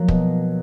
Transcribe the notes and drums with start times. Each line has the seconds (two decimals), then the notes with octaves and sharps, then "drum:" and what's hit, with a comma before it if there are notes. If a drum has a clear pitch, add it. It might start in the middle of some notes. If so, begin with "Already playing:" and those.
Already playing: F3 F#3 A#3
0.08 B2, drum: kick